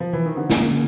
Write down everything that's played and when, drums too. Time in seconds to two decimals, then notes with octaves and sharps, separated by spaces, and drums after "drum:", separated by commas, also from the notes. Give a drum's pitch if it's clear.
0.00 F3
0.13 E3
0.25 D#3
0.37 D3
0.50 C#3 A#3, drum: snare
0.65 D3